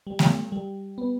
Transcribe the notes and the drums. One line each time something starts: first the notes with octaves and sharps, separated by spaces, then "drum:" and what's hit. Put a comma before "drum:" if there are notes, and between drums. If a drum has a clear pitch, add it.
G3
drum: snare A3
G3
B3